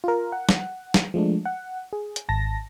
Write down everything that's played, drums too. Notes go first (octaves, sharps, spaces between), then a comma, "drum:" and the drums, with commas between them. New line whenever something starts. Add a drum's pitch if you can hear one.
F4 A#4
F#5
drum: snare
drum: snare
F3 G#3 A3 D4
F#5
G#4
drum: hi-hat
G#1 A5 A#6